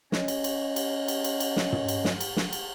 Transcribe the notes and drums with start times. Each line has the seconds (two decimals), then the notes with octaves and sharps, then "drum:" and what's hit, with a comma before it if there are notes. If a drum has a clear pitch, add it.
0.12 C#4 C#5 D#5, drum: snare
0.28 drum: cymbal
0.44 drum: cymbal
0.76 drum: cymbal
1.08 drum: cymbal
1.24 drum: cymbal
1.40 drum: cymbal
1.56 drum: snare
1.72 drum: tom
1.88 drum: cymbal
2.05 drum: snare
2.21 drum: cymbal
2.37 drum: snare
2.53 drum: cymbal